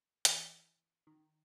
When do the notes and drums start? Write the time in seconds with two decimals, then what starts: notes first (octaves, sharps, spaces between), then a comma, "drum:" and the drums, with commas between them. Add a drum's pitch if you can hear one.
0.25 E3, drum: hi-hat
1.07 D#3